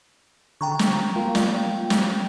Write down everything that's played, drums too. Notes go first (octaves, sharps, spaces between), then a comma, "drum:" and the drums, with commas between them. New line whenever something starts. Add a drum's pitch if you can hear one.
D3 G5 A#5 C#6
drum: snare
A#3 F4
D5 G5, drum: snare
drum: snare